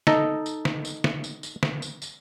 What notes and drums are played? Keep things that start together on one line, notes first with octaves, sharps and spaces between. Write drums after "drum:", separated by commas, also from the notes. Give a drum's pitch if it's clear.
D#4 A4 D#5 A#5, drum: snare
drum: tambourine
drum: snare
drum: tambourine
drum: snare
drum: tambourine
drum: tambourine
drum: snare
drum: tambourine
drum: tambourine